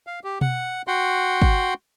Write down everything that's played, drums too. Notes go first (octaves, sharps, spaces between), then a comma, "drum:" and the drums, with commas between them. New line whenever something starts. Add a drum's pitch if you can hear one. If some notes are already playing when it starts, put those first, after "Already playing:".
F5
G4
F#5, drum: tom B2
F#4 F#5 G5 C6
drum: kick